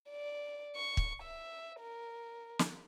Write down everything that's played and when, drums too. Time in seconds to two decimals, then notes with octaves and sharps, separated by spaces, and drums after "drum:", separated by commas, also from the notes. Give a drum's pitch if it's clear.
0.10 D5
0.76 C#6
0.97 drum: kick
1.22 E5
1.80 A#4
2.59 drum: snare